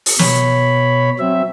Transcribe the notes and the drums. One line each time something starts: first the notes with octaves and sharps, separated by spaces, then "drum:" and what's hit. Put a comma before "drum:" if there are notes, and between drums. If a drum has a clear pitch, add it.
drum: open hi-hat
B2 C#5 B5, drum: snare
F#3 C4 E5